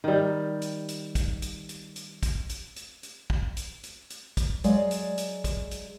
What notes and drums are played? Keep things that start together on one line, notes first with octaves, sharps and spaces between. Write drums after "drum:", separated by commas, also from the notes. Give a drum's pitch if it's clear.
D#3 G3
drum: hi-hat
drum: hi-hat
drum: kick, hi-hat
drum: hi-hat
drum: hi-hat
drum: hi-hat
drum: kick, hi-hat
drum: hi-hat
drum: hi-hat
drum: hi-hat
drum: kick
drum: hi-hat
drum: hi-hat
drum: hi-hat
drum: kick, hi-hat
F#3 G#3 D5 F5, drum: hi-hat
drum: hi-hat
drum: hi-hat
drum: kick, hi-hat
drum: hi-hat